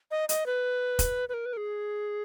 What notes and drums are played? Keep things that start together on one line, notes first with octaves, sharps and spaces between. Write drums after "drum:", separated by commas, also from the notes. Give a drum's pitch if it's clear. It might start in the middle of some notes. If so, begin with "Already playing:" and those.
D#5
D#5, drum: hi-hat
B4
drum: kick, hi-hat
B4
A#4
B4
A#4
G#4